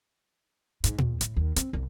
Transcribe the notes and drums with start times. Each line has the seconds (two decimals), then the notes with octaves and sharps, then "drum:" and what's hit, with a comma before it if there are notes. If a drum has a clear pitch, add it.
0.84 G#2, drum: hi-hat
0.98 E2, drum: tom A#2
1.21 A2, drum: hi-hat
1.36 D#2
1.56 C4, drum: hi-hat
1.73 C2